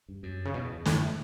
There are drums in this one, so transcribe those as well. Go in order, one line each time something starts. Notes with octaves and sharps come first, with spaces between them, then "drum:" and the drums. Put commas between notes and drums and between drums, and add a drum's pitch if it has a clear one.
G2
F#2
C#3
E2 B2
F#2 A2, drum: snare